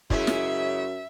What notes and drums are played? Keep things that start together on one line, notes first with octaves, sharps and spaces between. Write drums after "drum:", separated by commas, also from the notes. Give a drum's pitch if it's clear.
F#2 C#3 G#3 E4 E5, drum: kick
drum: snare